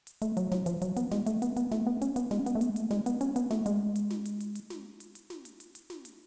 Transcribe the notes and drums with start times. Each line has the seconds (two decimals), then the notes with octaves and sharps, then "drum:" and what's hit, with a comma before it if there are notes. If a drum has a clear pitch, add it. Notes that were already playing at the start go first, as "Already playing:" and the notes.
0.07 drum: hi-hat
0.22 A3, drum: hi-hat
0.37 F#3, drum: hi-hat
0.52 F#3, drum: snare
0.66 F3, drum: hi-hat
0.82 F#3, drum: hi-hat
0.96 B3, drum: hi-hat
1.11 G#3, drum: snare
1.26 A3, drum: hi-hat
1.42 B3, drum: hi-hat
1.56 B3, drum: hi-hat
1.71 A3, drum: snare
1.86 B3
2.02 C#4, drum: hi-hat
2.16 B3, drum: hi-hat
2.31 G#3, drum: snare
2.39 C#4
2.46 B3, drum: hi-hat
2.55 A3
2.61 B3, drum: hi-hat
2.69 G#3
2.76 A3, drum: hi-hat
2.91 G#3, drum: snare
3.06 B3, drum: hi-hat
3.21 C#4, drum: hi-hat
3.36 B3, drum: hi-hat
3.51 A3, drum: snare
3.66 G#3, drum: hi-hat
3.96 drum: hi-hat
4.11 drum: snare
4.25 drum: hi-hat
4.40 drum: hi-hat
4.55 drum: hi-hat
4.70 drum: snare
5.00 drum: hi-hat
5.15 drum: hi-hat
5.30 drum: snare
5.45 drum: hi-hat
5.60 drum: hi-hat
5.75 drum: hi-hat
5.90 drum: snare
6.05 drum: hi-hat